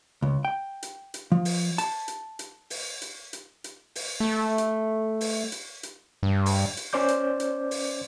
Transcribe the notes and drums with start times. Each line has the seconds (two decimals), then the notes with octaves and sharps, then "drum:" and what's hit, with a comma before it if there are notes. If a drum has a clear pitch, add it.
0.22 C#2
0.45 G5
0.83 drum: hi-hat
1.14 drum: hi-hat
1.32 F3
1.45 drum: open hi-hat
1.78 A5, drum: hi-hat
2.08 drum: hi-hat
2.39 drum: hi-hat
2.70 drum: open hi-hat
3.02 drum: hi-hat
3.33 drum: hi-hat
3.64 drum: hi-hat
3.95 drum: open hi-hat
4.20 A3
4.58 drum: hi-hat
5.21 drum: open hi-hat
5.52 drum: hi-hat
5.83 drum: hi-hat
6.23 G2
6.46 drum: open hi-hat
6.77 drum: hi-hat
6.93 C#4 C5 D5 D6 G6
7.08 drum: hi-hat
7.40 drum: hi-hat
7.71 drum: open hi-hat